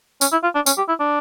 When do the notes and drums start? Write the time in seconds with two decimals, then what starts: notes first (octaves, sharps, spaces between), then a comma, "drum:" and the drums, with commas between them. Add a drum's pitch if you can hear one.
0.21 C#4, drum: tambourine
0.32 E4
0.43 F4
0.55 D4
0.66 C#4, drum: tambourine
0.78 G4
0.88 E4
1.00 D4